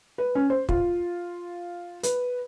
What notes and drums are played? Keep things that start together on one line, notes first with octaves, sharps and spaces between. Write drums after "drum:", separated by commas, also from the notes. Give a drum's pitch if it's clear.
B4
C#4
C5
F4, drum: kick
B4, drum: hi-hat